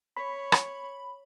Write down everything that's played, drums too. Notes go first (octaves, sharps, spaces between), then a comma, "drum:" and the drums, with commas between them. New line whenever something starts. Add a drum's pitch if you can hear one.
C#5 B5
drum: rim click